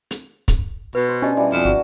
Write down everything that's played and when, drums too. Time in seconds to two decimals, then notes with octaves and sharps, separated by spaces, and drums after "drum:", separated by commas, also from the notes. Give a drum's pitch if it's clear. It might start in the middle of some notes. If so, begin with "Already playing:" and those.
0.11 drum: hi-hat
0.48 drum: kick, hi-hat
0.95 B2 B4
1.09 C5
1.22 C#4 D4 G4 D#5 G#5
1.37 B2 E3 G3
1.52 F2
1.65 G#1 F#4